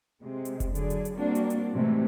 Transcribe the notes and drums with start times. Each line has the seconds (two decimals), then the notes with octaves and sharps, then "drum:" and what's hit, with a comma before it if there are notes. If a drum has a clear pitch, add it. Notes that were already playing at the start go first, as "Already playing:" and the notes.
0.23 C3 G#3
0.45 drum: hi-hat
0.60 drum: kick F1, hi-hat
0.75 D3 F#3 G#4 D5, drum: hi-hat
0.90 drum: hi-hat
1.05 drum: hi-hat
1.16 G3 A#3 C4 D4 F#4 D5
1.35 drum: hi-hat
1.50 drum: hi-hat
1.73 A2 C3 E3 G#3 A3